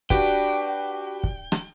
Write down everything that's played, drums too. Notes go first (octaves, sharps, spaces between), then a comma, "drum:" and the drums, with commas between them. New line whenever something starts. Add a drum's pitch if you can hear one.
D4 F#4 G4 B4 G5, drum: kick
drum: kick
drum: rim click